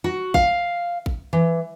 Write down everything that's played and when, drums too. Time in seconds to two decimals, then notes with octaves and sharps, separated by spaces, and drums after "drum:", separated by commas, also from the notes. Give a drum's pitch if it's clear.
0.04 F#4
0.34 F5, drum: kick A1
1.06 drum: kick A1
1.33 E3